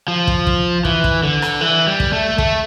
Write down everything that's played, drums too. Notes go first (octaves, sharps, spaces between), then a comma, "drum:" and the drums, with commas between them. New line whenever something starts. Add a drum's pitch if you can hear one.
F3
drum: kick
drum: kick
E3, drum: kick
drum: kick
D3
drum: rim click
E3
G3
drum: kick
A3
A3, drum: kick